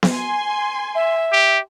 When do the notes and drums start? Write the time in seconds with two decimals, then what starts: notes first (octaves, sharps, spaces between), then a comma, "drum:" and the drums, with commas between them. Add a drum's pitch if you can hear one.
0.03 drum: snare B3
0.12 G#5 C6
0.95 E5
1.33 G4